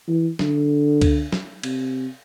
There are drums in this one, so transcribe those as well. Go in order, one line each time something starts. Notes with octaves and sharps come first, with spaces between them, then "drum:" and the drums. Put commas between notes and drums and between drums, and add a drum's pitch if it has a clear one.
E3
D3, drum: snare
drum: kick C#2, cymbal
drum: snare
C3, drum: cymbal